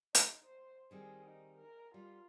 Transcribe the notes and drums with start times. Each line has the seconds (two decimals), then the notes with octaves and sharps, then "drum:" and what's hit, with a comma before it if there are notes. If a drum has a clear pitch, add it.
0.15 D#4, drum: hi-hat
0.45 C5
0.91 D#3 G3 C4 G#4
1.27 D#4
1.58 A#4
1.94 G3 F4